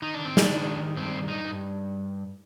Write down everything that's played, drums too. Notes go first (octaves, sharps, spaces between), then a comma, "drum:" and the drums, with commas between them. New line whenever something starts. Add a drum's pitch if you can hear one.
D#3 D#4
D4
C4
D4, drum: snare
D#3
G2 C4
D#4
G2